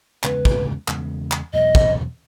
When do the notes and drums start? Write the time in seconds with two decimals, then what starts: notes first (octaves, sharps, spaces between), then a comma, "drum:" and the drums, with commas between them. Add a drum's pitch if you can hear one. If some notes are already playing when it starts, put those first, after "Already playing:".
0.24 E2 C#3 G#3 B3 B4, drum: clap
0.45 drum: kick
0.88 E2 C#3 G#3 B3, drum: clap
1.32 drum: clap
1.53 E2 B2 F#3 D#5
1.75 drum: kick